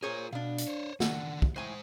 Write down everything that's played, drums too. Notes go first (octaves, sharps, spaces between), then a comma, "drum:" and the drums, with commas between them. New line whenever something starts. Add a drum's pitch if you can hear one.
F4 G#4 A#4 C5 C#5
B2 D4 F5
drum: hi-hat
C5 C#5
D#3 D4 F#5, drum: snare
drum: kick
A2 G#3 C5 G#5